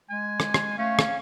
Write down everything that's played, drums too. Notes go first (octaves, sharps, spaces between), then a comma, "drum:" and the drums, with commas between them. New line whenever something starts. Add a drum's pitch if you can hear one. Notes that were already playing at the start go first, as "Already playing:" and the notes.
G#3 G#5
drum: rim click
drum: rim click
A3 C#4 F5
drum: rim click